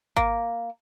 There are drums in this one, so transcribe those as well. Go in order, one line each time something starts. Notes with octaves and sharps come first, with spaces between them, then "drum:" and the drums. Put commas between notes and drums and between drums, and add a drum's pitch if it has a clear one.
A#3, drum: kick G#1